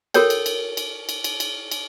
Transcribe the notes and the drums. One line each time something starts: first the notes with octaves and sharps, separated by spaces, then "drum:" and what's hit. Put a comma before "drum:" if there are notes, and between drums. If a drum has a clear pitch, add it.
F#4 A4 A#4 C#5 G5, drum: cymbal
drum: cymbal
drum: cymbal
drum: cymbal
drum: cymbal
drum: cymbal
drum: cymbal
drum: cymbal